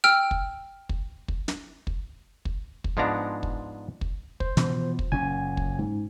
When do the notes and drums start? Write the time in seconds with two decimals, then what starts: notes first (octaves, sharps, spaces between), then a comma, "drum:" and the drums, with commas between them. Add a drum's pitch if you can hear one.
0.04 G5 E6 F6
0.31 drum: kick
0.89 drum: kick
1.28 drum: kick
1.48 drum: snare
1.87 drum: kick
2.45 drum: kick
2.84 drum: kick
2.97 G#2 F3 G#3 B3 D4 A#5
3.43 drum: kick
4.01 drum: kick
4.40 C5, drum: kick
4.57 B2 E3 F3, drum: snare
4.99 drum: kick
5.12 F#1 A#2 C#4 G#5
5.57 drum: kick
5.79 G#2